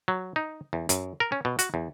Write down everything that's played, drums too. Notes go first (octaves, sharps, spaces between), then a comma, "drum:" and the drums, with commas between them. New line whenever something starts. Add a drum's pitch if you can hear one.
F#3
D#4
E2
F#2, drum: hi-hat
A#4
C#4
B2
F#4, drum: hi-hat
E2